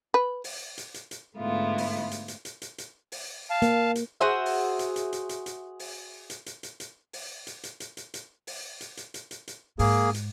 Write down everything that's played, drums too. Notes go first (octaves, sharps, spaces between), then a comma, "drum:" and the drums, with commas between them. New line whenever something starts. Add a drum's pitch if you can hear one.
B4
drum: open hi-hat
drum: hi-hat
drum: hi-hat
drum: hi-hat
G#2 D3 A3 B3 E4 F4
drum: open hi-hat
drum: hi-hat
drum: hi-hat
drum: hi-hat
drum: hi-hat
drum: hi-hat
drum: open hi-hat
F5 A5
A#3, drum: hi-hat
drum: hi-hat
F#4 G#4 C5 E5
drum: open hi-hat
drum: hi-hat
drum: hi-hat
drum: hi-hat
drum: hi-hat
drum: hi-hat
drum: open hi-hat
drum: hi-hat
drum: hi-hat
drum: hi-hat
drum: hi-hat
drum: open hi-hat
drum: hi-hat
drum: hi-hat
drum: hi-hat
drum: hi-hat
drum: hi-hat
drum: open hi-hat
drum: hi-hat
drum: hi-hat
drum: hi-hat
drum: hi-hat
drum: hi-hat
G#2 A#3 G#4, drum: open hi-hat
drum: hi-hat